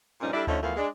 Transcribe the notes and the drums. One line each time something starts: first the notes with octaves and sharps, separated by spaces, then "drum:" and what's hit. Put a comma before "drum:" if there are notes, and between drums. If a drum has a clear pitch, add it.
G2 A#2 F3 G3 C#4 D#4
G3 D4 E4 A4 D5
D3 F3 A3 C#4 D#4 C5, drum: tom D2
E2 F3 A3 B3 A#4 F5
G#3 D4